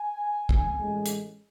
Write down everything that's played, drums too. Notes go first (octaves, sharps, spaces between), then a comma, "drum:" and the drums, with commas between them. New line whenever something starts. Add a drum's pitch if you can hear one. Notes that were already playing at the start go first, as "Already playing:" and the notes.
Already playing: G#5
drum: kick
A1 A2 G#3
drum: hi-hat